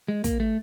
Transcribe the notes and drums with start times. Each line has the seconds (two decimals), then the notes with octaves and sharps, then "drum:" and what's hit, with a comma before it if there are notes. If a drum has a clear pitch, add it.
0.08 G#3
0.24 A#3, drum: kick, hi-hat
0.40 A3